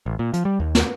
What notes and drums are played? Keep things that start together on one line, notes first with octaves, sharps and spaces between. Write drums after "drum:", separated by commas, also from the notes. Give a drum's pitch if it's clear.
A1
A#2
F3, drum: hi-hat
G3
D#2
drum: snare